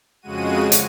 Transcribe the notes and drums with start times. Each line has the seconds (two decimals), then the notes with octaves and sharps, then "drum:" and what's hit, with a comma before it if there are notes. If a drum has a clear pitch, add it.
0.21 F2 C#3 G#3 F#4 D#7
0.72 drum: hi-hat